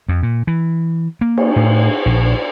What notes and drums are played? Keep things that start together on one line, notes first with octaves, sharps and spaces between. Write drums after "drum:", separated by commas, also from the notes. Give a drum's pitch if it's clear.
F2
A#2
E3
A#3
drum: cymbal
A2
A#1